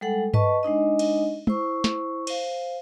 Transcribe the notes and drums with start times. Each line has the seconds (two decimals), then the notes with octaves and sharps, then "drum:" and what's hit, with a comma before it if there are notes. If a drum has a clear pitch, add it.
0.01 G3 G#3 A4 F#5
0.34 B4 D#5 A5 C#6, drum: tom G2
0.63 G#3 D4 D#4 D#5
0.99 drum: cymbal
1.47 E4 C5 C#6, drum: tom
1.84 drum: snare
2.27 C5 F5, drum: cymbal